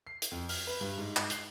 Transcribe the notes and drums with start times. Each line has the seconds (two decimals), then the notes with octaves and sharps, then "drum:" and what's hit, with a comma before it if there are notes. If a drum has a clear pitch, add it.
0.07 C7
0.22 drum: hi-hat
0.32 F2
0.49 F6, drum: open hi-hat
0.67 B4
0.81 G2
0.98 G#2
1.17 drum: clap
1.30 C7, drum: hi-hat